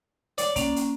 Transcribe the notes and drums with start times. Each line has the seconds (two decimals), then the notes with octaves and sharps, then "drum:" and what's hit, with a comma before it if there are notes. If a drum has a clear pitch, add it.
0.38 C#5 D5, drum: hi-hat
0.56 A#3 C#4, drum: kick, hi-hat
0.76 drum: hi-hat